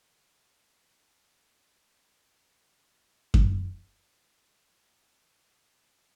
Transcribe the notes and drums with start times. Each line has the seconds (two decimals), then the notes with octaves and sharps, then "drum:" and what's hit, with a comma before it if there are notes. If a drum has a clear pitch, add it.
0.21 E2 B2 A3 B4
2.08 G#2 F#5 A#5
3.34 drum: kick F#2
5.23 F#4 G4 F5
5.36 E3 G#3 A3
5.48 C3 D#3 D5
5.63 A4 C5
5.89 E4 D#5
6.01 A4